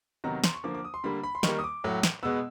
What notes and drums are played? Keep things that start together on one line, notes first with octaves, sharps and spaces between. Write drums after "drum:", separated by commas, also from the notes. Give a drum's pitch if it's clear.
C3 D#3 F#3 B3 A#5
A#5
C6, drum: snare
C#6
D3 F3 A#3 D6
D6
D#6
C6
D3 G3 A#3 B5
B5
C6
D#3 G3 A#3 C#6, drum: snare
D#6
D6
A2 F#3 A3
drum: snare
B2 G#3 B3 E6